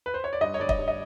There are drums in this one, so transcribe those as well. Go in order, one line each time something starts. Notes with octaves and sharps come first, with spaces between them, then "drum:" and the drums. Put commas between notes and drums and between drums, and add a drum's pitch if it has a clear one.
B4
C5
C#5
D5
G2 D#5
C#5
G2 D5
D#5, drum: kick
G2
D#5